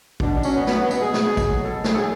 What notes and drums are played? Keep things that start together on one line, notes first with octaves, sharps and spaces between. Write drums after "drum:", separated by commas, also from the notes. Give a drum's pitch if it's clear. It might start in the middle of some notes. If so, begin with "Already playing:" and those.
B2 D4, drum: kick
D4
F#3 C#4, drum: tambourine
B3
F#3 B3, drum: snare
B3
B2, drum: tambourine
G#4
B2, drum: snare
F#3, drum: kick, tambourine
B2 A4
F#3 G#4, drum: snare
A4
G#4